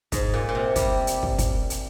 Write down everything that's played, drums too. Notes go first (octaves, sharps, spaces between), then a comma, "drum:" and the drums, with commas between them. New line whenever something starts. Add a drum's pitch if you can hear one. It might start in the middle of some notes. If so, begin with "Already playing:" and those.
G#2, drum: kick, hi-hat
A#2
A#2
C3
G3, drum: kick, hi-hat
drum: hi-hat
drum: kick
drum: kick, hi-hat
drum: hi-hat